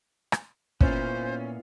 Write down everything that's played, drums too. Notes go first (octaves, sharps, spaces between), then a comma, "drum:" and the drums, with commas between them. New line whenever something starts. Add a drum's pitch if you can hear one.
drum: rim click
A#2 B3 C#4 E4 F4 C5, drum: kick